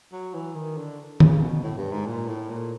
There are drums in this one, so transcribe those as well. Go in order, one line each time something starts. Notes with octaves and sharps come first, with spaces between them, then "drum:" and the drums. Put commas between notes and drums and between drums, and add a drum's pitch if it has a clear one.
F#3
E3
D#3
D3
C#3, drum: tom D3
B2
A2
G2
G#2
A#2
A2
A#2